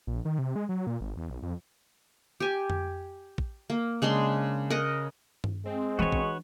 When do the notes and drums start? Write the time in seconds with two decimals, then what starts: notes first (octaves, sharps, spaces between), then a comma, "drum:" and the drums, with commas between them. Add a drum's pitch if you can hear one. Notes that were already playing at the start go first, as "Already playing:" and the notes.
0.07 A#1
0.25 D#3
0.39 C3
0.56 G#3
0.69 F#3
0.87 A#2
1.01 G#1
1.17 E2
1.30 B1
1.43 F2
2.40 G4 G#5
2.70 drum: tom F2
3.38 drum: kick
3.70 A#3
4.02 C#3 G#3 D4 C6
4.70 A#4 D#5 F#5
5.44 drum: tom G2
5.65 G#3 C4
5.99 E3 D4 F#4 B4 C#5
6.12 drum: kick